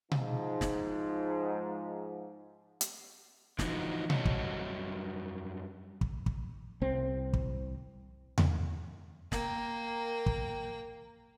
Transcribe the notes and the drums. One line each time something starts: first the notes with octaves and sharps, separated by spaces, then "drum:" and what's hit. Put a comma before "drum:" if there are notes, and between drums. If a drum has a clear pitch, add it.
G#2 F3, drum: tom B2
drum: snare
drum: hi-hat
D3 E3 F3 D#4 F#4, drum: snare
F#2 G3 F#4 C#5 D#5 A5, drum: tom B2
drum: kick
drum: kick
drum: kick
C2 C4
drum: kick
drum: tom E2
A#3 G5, drum: snare
drum: kick